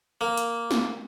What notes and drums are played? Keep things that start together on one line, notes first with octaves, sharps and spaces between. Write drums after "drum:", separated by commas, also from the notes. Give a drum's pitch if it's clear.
A#3
drum: hi-hat
drum: snare